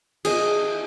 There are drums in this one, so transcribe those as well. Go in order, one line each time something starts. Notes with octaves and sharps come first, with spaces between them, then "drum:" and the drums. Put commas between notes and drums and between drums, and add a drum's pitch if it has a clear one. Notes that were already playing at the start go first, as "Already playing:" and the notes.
G#4 D#5, drum: cymbal